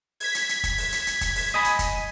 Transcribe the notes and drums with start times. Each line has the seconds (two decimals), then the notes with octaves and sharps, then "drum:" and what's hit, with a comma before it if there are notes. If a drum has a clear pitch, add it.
0.20 G#6 B6, drum: open hi-hat
0.35 drum: hi-hat
0.49 drum: hi-hat
0.64 drum: kick, hi-hat
0.78 drum: open hi-hat
0.92 drum: hi-hat
1.07 drum: hi-hat
1.21 drum: kick, hi-hat
1.36 drum: open hi-hat
1.54 D#5 G#5 B5
1.64 drum: hi-hat
1.79 drum: kick, hi-hat